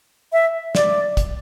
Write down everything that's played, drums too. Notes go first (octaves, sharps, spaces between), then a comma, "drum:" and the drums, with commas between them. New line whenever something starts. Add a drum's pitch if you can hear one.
E5
D5, drum: snare
drum: kick, hi-hat